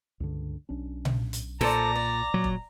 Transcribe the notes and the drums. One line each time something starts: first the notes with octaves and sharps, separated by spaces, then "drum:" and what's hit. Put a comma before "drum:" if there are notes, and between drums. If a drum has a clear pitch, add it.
C#2 G2 D3
B1 C#4 D4
drum: tom A#2
drum: hi-hat
A#2 A4 C5 D5 A#5, drum: snare
D5
A#2 F#3
drum: kick F1